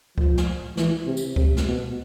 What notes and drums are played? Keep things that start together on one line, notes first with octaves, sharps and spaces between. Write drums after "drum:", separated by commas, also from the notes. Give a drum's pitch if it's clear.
F3, drum: kick C#2
drum: snare
E3, drum: snare
C3
drum: tambourine
C3, drum: kick C#2
drum: snare
B2